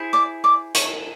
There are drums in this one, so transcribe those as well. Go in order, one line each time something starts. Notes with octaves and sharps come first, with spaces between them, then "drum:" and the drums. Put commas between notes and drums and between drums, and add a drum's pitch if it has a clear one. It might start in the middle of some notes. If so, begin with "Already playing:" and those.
Already playing: E4 G#4 C5
D5 D6
D5 D6
C#5 C#6, drum: hi-hat